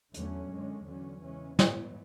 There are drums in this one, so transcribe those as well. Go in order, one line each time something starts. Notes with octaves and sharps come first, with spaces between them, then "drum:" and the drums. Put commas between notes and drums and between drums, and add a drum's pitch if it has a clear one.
E2 D3 F#3 A3 C#4, drum: hi-hat
F#2 D3 G#3 C#4
E2 D3 F#3 C#4
C#3 E3 G#3 C#4
G#2 E3 B3, drum: snare